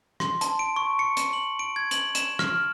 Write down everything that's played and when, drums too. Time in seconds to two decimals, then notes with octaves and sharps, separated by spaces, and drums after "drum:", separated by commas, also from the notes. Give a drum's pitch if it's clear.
0.20 C6, drum: rim click
0.41 A5, drum: hi-hat
0.59 D7
0.76 C#6
0.99 C#7
1.17 drum: hi-hat
1.33 F#7
1.59 D7
1.76 G#6
1.91 F#7, drum: hi-hat
2.15 E7, drum: hi-hat
2.39 F6, drum: rim click